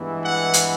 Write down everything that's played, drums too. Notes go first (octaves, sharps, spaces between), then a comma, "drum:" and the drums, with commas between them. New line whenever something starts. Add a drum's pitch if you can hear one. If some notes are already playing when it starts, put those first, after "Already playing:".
Already playing: G2 E3 G#3 B3 E4
F#5
drum: hi-hat